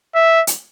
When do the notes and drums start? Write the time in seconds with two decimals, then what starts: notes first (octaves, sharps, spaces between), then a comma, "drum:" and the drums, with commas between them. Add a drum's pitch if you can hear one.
0.15 E5
0.47 drum: hi-hat